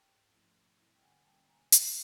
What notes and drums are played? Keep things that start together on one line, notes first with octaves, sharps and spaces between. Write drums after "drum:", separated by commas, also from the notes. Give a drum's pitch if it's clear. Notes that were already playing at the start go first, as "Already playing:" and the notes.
Already playing: G5 A5
G#2
F3 A3 C#4 E4
B2
G3 C4 E4
G5
D3 F#5 G#5
G3 A#3 C#4 G5 A5
B2 G#5 A#5
G3 C4 F5 G5, drum: hi-hat